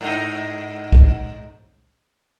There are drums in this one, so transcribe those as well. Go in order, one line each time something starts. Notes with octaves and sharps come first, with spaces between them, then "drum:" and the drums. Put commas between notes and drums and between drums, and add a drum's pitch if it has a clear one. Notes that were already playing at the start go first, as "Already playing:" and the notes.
G#2 D#4
drum: kick B1